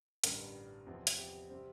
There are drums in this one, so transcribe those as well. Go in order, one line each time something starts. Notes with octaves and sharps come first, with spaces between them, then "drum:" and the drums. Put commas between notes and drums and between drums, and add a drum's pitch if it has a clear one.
A1 G2 D3 G3 A#4, drum: hi-hat
E2 C3 F3
drum: hi-hat
G4
C3 G3 C4